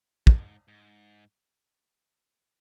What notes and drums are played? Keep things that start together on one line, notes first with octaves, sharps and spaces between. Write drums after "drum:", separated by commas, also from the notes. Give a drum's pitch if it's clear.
G#2, drum: kick
G#2